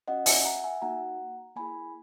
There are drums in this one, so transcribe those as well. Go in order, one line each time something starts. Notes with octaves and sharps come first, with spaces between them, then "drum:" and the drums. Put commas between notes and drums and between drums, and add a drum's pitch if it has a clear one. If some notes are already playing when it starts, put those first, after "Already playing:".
C#4 F#4 D#5 F#5
E5 G#5, drum: open hi-hat
F#5 A#5
E5 G#5
A#3 D#4 F#4 F#5 A#5
A#3 E4 G#4 G#5 B5